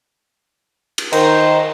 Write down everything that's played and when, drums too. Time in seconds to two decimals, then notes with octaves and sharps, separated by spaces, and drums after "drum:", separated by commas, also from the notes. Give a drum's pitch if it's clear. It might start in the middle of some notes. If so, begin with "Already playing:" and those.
0.98 drum: cymbal
1.12 D#3 C5 A#5, drum: cymbal